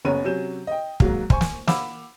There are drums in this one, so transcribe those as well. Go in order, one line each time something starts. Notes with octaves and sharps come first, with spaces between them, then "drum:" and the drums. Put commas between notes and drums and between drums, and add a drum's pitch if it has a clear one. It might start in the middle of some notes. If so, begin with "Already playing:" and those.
F#1 B3 C#4 C#5 A#5 D#7
C3 F#3 C#4 G6 E7
D#5 G5
G#2 F#3 A#3, drum: kick
C5 G#5 C#6, drum: kick
drum: snare
F5 F#5 B5 D6 E6 E7, drum: snare